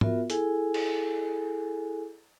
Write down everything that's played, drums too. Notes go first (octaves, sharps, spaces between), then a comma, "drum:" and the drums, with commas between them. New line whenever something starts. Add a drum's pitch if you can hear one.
B3 F4 F#4 A#4 E5, drum: tom
E4 G#4 A4 G#5, drum: hi-hat
drum: cymbal